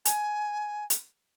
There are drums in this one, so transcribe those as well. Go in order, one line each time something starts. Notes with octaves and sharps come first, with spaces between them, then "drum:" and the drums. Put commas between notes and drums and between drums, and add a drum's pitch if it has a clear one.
G#5, drum: hi-hat
drum: hi-hat